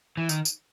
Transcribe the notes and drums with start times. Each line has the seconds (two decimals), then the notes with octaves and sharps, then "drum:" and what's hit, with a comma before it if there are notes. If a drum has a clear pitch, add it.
0.17 E3
0.29 D#3, drum: tambourine
0.45 drum: tambourine